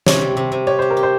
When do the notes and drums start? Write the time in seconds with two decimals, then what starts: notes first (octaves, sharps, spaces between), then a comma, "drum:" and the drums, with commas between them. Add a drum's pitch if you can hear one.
0.07 C3 C#5, drum: snare
0.22 G3
0.37 C3
0.52 C3
0.67 G4 C#5
0.79 G4 C5
0.90 A#4
0.97 G4
1.03 C5